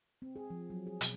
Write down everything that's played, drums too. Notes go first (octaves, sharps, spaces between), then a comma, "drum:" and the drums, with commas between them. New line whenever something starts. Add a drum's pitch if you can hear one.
C4
G#4
F3
F#3
G#4
B2, drum: hi-hat